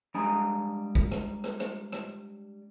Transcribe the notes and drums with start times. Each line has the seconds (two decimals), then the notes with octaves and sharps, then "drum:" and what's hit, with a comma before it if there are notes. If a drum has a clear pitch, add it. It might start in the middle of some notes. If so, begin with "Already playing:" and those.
0.14 G3 G#3 D4 D#5 G#5 A#5
0.95 drum: kick
1.12 drum: rim click
1.44 drum: rim click
1.60 drum: rim click
1.92 drum: rim click